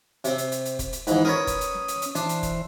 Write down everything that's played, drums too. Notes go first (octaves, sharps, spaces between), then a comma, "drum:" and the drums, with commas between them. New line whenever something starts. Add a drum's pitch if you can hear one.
C3 C4, drum: hi-hat
drum: hi-hat
drum: hi-hat
drum: hi-hat
drum: kick, hi-hat
drum: hi-hat
G#2 E3 B4 F#5, drum: hi-hat
C#4 A#4 B4 C#5 D#6
drum: kick, hi-hat
drum: hi-hat
drum: snare
drum: hi-hat
drum: hi-hat
E3 D4 C5, drum: hi-hat
drum: hi-hat
drum: kick, hi-hat